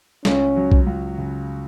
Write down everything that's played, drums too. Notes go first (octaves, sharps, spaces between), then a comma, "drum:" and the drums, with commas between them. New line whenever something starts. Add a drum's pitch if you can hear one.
C#2 C#4, drum: snare
F#3
drum: kick B1
C#2
C#3